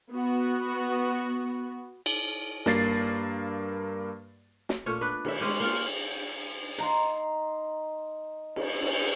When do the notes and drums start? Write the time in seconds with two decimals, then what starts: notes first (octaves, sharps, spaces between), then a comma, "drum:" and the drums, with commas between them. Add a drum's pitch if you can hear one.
0.11 B3 F#4
2.06 drum: cymbal
2.66 G2 A#3 A6 C7, drum: snare
4.69 drum: snare
4.86 A#2 A3 C#4 C#5
5.01 B3 D4 B4
5.25 D#3 E5, drum: cymbal
5.40 G#3 C#4 G4
5.60 A#3 F4
6.78 D#4 A#5 C6, drum: hi-hat
8.56 B4, drum: cymbal
8.83 drum: cymbal